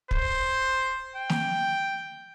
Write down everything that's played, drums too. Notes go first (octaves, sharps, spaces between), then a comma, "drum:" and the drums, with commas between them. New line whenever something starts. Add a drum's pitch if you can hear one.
C5, drum: kick
G5
drum: snare